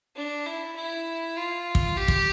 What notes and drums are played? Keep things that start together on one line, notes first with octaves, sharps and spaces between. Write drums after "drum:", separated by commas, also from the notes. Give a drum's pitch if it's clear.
D4
E4
E4
F4
drum: kick
G4
drum: kick